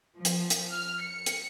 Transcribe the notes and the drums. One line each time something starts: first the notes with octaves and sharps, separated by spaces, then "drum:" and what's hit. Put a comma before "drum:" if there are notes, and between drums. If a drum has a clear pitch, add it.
F3
drum: hi-hat
drum: hi-hat
F6
C#7
drum: hi-hat